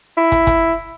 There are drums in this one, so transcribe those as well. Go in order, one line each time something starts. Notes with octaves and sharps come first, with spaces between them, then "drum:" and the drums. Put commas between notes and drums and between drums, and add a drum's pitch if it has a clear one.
E4
drum: kick, hi-hat
drum: kick, hi-hat